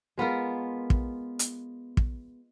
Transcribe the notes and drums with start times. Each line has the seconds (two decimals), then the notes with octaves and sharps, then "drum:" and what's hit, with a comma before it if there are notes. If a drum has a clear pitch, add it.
0.17 G#3 B3 F4 A#4
0.90 drum: kick
1.39 drum: hi-hat
1.97 drum: kick